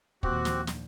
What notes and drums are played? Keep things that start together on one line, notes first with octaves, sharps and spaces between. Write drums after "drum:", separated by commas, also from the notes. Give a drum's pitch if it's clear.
D#2 A#2 F3 C4 F#4 G4, drum: kick
drum: snare
drum: snare